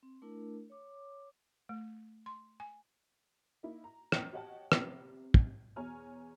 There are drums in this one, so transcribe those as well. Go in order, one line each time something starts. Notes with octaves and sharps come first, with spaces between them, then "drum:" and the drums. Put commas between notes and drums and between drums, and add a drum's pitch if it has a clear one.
C4
A3 D4 E4 A#4
C#5 D6
A3
C6
G#5
A#3 D#4 E4
A#5
drum: rim click
G4 C#5 D#5 F#5 G5 A5
C3, drum: rim click
drum: kick
E2 B2 C#5 G#5 A#5 F6